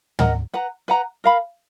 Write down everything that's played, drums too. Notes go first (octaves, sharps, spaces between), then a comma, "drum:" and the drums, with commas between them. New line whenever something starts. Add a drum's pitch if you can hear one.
A#4 D#5 F#5 A#5, drum: tom
B4 F#5 A#5
B4 F#5 A#5
A#4 F5 B5